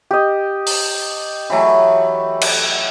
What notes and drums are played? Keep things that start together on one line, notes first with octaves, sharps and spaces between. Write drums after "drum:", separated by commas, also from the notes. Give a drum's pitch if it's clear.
G4 D#5
drum: open hi-hat
E3 F#3 A3
drum: cymbal